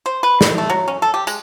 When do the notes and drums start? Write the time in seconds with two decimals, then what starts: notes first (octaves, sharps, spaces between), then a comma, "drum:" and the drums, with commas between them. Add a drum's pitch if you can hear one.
0.06 C5
0.23 B4
0.41 E4, drum: snare
0.58 A3
0.70 F#3
0.88 C#4
1.02 A4
1.14 G4
1.27 G#3, drum: tambourine